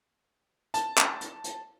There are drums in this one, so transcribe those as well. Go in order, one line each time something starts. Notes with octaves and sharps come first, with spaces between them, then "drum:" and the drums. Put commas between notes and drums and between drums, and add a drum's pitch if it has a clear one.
A5, drum: hi-hat
drum: clap
drum: hi-hat
drum: hi-hat